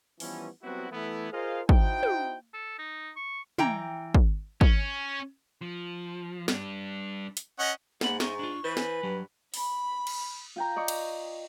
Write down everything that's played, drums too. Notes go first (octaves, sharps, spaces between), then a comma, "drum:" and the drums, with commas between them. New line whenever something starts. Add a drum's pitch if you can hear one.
E3 F3 G3 B3 C#4, drum: open hi-hat
F#3 G3 B3 C4 E4 F#4
E3 A3 B3 E4
F4 G#4 A#4 C5 D#5 F5
D#4 E4 F#4 C5 G5, drum: kick
drum: tom
A4
D#4
C#6
E3 G5 A#5, drum: tom
drum: kick
C#4, drum: kick
F3
G3 D4, drum: snare
drum: hi-hat
C#4 D#5 F#5
G#2 A#3 F#5 B5, drum: snare
D#4 D#5 E5 C#6, drum: snare
D4 F4
E3 B4 C5
G#5, drum: snare
G2 F#3
B5, drum: open hi-hat
drum: cymbal
F4 G5 A#5
D5 D#5 C#6
drum: cymbal